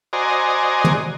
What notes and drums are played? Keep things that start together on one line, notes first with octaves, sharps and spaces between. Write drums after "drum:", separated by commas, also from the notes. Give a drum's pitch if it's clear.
F#4 C5 D5 D#5 G#5 A#5
drum: tom